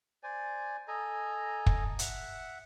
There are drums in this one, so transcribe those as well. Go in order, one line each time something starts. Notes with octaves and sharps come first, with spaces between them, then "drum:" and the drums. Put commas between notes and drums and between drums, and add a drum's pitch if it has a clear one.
C5 D5 G#5
A4 D#5 G#5 A#5
drum: kick
E5 F#5, drum: hi-hat